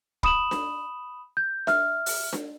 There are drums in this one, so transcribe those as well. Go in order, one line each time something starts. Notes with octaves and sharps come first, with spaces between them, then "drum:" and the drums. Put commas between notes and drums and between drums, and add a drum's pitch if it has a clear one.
B5 D#6 E7 F#7, drum: kick
drum: snare D4
G6
E5 F6, drum: snare D4
drum: open hi-hat
drum: snare D4